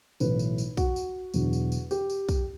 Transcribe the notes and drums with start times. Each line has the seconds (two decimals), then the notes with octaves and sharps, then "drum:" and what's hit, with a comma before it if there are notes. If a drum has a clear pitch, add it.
0.20 B1 A2 E3 B4, drum: tambourine
0.39 drum: tambourine
0.58 drum: tambourine
0.77 F#4, drum: kick, tambourine
0.96 drum: tambourine
1.34 E1 E2 D3 F#3, drum: tambourine
1.53 drum: tambourine
1.72 drum: tambourine
1.91 G4, drum: tambourine
2.10 drum: tambourine
2.29 drum: kick, tambourine